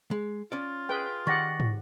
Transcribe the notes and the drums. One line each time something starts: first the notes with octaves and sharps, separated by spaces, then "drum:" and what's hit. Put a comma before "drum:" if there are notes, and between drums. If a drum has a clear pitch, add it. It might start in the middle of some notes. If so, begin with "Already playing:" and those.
G#3
C#4 F4 D5
G#4 B4 G5
D#3 G4 D5 F#5 C#6 A6 A#6
drum: tom